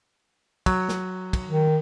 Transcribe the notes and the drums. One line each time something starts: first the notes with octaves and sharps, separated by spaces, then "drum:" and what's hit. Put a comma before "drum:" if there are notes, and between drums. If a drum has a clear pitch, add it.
F#3, drum: kick, cymbal
drum: snare
drum: kick, cymbal
D#3